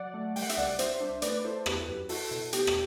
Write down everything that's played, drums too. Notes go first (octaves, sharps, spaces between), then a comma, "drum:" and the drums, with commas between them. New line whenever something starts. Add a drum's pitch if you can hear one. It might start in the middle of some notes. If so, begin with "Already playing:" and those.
Already playing: F#3 D5 F#5
A3
G3 G5, drum: open hi-hat
F#5
E5, drum: hi-hat
C2 D5 F#5
G3 C5 E5, drum: hi-hat
D4
A3 B4 D5, drum: hi-hat
E4 A4 C5
B3 G4 B4, drum: rim click
F#2
E4 F#4 A4, drum: open hi-hat
B2
B3 G4, drum: hi-hat
drum: rim click